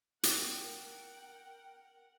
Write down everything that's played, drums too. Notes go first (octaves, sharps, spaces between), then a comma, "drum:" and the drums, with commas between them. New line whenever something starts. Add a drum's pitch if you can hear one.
A#4 F#5 G5, drum: hi-hat